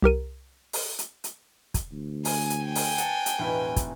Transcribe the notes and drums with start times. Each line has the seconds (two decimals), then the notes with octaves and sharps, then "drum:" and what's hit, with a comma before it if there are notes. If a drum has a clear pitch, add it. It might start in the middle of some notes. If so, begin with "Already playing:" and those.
0.03 C2 G4 A#4 D#7
0.73 drum: open hi-hat
0.99 drum: hi-hat
1.24 drum: hi-hat
1.74 drum: kick, hi-hat
1.92 D2
2.25 G#5, drum: open hi-hat
2.50 drum: hi-hat
2.64 G5 G#5
2.75 drum: open hi-hat
2.98 F#5 A5, drum: hi-hat
3.26 drum: hi-hat
3.38 E1 A1 E4
3.76 drum: kick, hi-hat